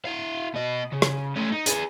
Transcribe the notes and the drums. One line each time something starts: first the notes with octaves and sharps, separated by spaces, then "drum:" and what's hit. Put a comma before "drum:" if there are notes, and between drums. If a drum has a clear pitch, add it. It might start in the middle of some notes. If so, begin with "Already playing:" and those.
E4 F5
B2 D#5
C#3
drum: rim click
A3 C#4
D#4
G#4 B4, drum: hi-hat